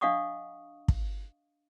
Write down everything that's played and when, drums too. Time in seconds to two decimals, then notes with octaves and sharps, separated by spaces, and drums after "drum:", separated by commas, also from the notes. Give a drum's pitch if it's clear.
0.01 D4 D#5 F5 F#5 C#6 D#6
0.88 drum: kick